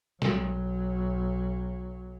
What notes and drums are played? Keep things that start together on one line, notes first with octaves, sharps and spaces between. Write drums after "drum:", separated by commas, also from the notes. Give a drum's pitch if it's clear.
B1 F#3, drum: snare